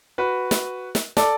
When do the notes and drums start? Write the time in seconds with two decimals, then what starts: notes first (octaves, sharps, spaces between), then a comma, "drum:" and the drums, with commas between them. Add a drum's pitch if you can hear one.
0.18 F#4 B4
0.51 drum: snare
0.95 drum: snare
1.17 A4 D5, drum: snare